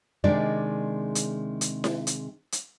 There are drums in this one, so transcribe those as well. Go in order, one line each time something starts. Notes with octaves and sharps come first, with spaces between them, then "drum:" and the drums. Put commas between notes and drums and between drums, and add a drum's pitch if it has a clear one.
C3 D#3 G#3 D4 G#4 D5
drum: hi-hat
drum: hi-hat
drum: snare E4
drum: hi-hat
drum: hi-hat